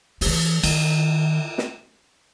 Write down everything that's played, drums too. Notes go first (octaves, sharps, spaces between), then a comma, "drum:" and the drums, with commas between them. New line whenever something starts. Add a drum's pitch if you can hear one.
D#3, drum: open hi-hat
E3
D#3, drum: cymbal
drum: snare